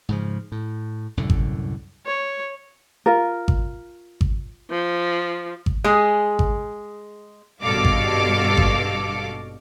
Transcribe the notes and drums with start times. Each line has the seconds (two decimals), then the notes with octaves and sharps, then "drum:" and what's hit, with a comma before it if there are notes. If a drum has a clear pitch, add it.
0.09 G#2 C#3 F3
0.52 A2
1.17 C2 F#2 A2 D3
1.30 drum: kick G#1
2.06 C#5
3.06 F4 A#4
3.48 drum: kick G#1
4.21 drum: kick G#1
4.71 F3
5.66 drum: kick G#1
5.84 G#3 G#4
6.39 drum: kick G#1
7.61 G#1 G2 B2 A4 F5 D6
7.85 drum: kick G#1
8.57 drum: kick G#1